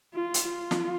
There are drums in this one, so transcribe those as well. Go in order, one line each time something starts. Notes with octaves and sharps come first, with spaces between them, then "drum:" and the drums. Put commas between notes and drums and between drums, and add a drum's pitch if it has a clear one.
F4
drum: hi-hat
F4
drum: snare